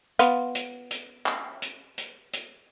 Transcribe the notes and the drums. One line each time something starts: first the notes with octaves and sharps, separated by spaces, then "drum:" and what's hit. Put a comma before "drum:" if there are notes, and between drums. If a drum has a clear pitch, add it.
B3 F4, drum: hi-hat
drum: hi-hat
drum: hi-hat
drum: clap
drum: hi-hat
drum: hi-hat
drum: hi-hat